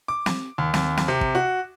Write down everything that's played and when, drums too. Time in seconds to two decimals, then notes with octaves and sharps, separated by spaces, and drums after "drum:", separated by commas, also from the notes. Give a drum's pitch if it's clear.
0.08 D6
0.26 drum: snare
0.58 D#2
0.74 D#2, drum: snare
0.97 drum: snare
1.08 C3
1.21 drum: kick
1.35 F#4